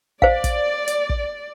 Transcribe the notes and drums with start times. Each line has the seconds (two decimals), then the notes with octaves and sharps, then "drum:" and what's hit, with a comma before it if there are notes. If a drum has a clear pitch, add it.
0.22 C5 D5 F5, drum: kick
0.44 drum: kick, hi-hat
0.88 drum: hi-hat
1.09 drum: kick